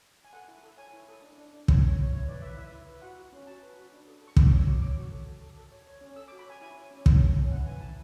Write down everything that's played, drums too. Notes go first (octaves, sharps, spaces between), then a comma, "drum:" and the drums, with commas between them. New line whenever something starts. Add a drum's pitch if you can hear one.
G#5
A4 F#5
E4
A4
C#5 G#5
E4
A4
D4
D4
D4
C#5, drum: kick
C#5
C#5
E4 C#5
B4 D5
B4 E5
E4 E5
E4
B4
F#4 F#5
F#4
C#4
F#4 A5
B4
F#4
D4
A4
A4
C#6
D4 D6, drum: kick
C#6
C#5
E6
F#4 D6
C#5 D6
F#4
A4
A4
A4
A4
C#5
C#5
C#4
A4 E6
D6
F#4
B5
C#5 G#5
E4 G#5
C#5
C#4
C#5, drum: kick
A4
C#4
E4 F#5
B4 G#5
E4 A5